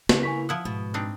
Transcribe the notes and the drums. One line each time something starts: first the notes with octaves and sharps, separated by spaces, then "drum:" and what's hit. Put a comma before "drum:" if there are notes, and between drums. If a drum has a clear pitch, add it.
C#3 E3 A#3, drum: snare
G#5 C#6 B6
F3 E4 F#5 D#6
G#2 B2
C4 D4 D#4